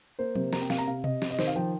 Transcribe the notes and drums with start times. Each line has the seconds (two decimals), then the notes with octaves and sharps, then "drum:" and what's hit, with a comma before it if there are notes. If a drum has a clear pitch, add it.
0.19 A#3 C5
0.35 C3, drum: tom F3
0.53 A#3 A#5, drum: snare
0.62 G5
0.70 C3 F5, drum: snare
0.78 A#5
0.87 C3 F5
1.04 C3 D#5, drum: tom B2
1.22 C3, drum: snare
1.31 D#5
1.39 D#3 C5, drum: snare
1.47 F5
1.56 F3 G5